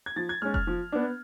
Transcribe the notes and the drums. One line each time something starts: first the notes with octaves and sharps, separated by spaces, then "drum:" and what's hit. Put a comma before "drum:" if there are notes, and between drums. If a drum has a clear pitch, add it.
G#6
F3 A6
G#6
G#3 C#4 F6
F6, drum: kick F1
F3
B3 D4